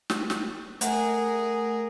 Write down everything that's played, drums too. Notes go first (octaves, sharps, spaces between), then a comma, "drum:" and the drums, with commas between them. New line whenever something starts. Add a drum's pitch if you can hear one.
drum: snare
drum: snare
A3 G#4 A#4 F#5, drum: hi-hat